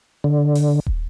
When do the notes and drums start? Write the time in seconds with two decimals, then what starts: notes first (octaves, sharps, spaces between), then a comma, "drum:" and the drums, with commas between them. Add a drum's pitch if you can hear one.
0.24 D3
0.55 drum: open hi-hat
0.86 drum: kick